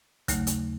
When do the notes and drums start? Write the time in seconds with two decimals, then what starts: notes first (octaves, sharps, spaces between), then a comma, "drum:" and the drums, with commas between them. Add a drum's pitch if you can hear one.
0.28 D#2 C#3 F#3 A3, drum: kick, hi-hat
0.47 drum: hi-hat